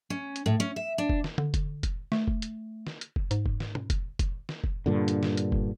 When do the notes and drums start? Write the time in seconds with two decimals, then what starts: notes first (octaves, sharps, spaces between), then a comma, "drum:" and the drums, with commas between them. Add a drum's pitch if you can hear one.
0.10 C#4
0.36 drum: hi-hat
0.46 A2
0.60 C#4
0.76 E5
0.98 D4
1.10 drum: kick F1
1.24 drum: snare
1.38 D3, drum: tom
1.54 drum: kick F1, hi-hat
1.83 drum: kick F1, hi-hat
2.12 A3, drum: snare
2.28 drum: kick F1
2.42 drum: hi-hat
2.87 drum: snare
3.01 drum: hi-hat
3.16 drum: kick F1
3.31 G#2, drum: hi-hat
3.46 drum: kick F1
3.60 drum: snare
3.75 drum: tom
3.90 drum: kick F1, hi-hat
4.19 drum: kick F1, hi-hat
4.49 drum: snare
4.64 drum: kick F1
4.86 G2 A#2 D3
5.08 drum: hi-hat
5.23 drum: snare
5.37 drum: hi-hat
5.52 drum: kick F1